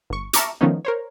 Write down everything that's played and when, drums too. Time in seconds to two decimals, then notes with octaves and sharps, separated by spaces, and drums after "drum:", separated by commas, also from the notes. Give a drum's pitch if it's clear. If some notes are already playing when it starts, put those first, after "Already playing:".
0.10 G1 C#6
0.33 E5 A5 A#5 C#6 D6 F6, drum: hi-hat
0.61 D#3 F3 A3 B3 C#4 D#4
0.85 A#4 C5 C#5